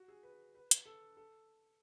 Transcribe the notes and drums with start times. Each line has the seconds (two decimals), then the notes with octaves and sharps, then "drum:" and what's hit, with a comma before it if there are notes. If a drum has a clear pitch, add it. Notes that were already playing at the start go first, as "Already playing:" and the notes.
Already playing: F#4
0.08 G#4
0.23 B4
0.55 B4
0.71 drum: hi-hat
0.86 A4
1.17 A4